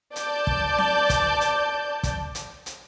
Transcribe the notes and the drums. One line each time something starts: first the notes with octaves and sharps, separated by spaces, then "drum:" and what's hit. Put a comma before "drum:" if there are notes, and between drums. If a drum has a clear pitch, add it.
D5 A5 G6, drum: hi-hat
drum: kick
drum: snare C4
drum: kick, hi-hat
drum: hi-hat
drum: kick, hi-hat
drum: hi-hat
drum: hi-hat